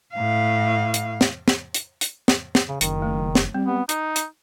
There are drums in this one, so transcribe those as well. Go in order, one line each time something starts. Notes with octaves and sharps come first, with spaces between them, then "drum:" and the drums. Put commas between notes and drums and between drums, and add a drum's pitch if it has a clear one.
A2 F5
drum: hi-hat
drum: snare
drum: snare
drum: hi-hat
drum: hi-hat
drum: snare
drum: snare
C#3
F#1 D#3, drum: hi-hat
A3
drum: snare
G3 C4
B3
D#4, drum: hi-hat
drum: hi-hat